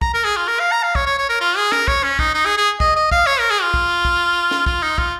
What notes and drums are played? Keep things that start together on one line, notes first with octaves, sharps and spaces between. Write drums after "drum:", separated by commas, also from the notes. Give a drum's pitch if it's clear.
A#5, drum: kick
A#4
G#4
F4
A#4
F5
A#5
F5
C#5, drum: kick
C#5
C#5
A#4
F4
G#4
A#4, drum: snare
C#5, drum: kick
C#4
D#4, drum: kick
D#4
G#4
G#4
D#5, drum: kick
D#5
F5, drum: kick
C#5
A#4
G#4
F4
drum: kick
drum: kick
drum: snare
F4, drum: kick
D#4
F4, drum: kick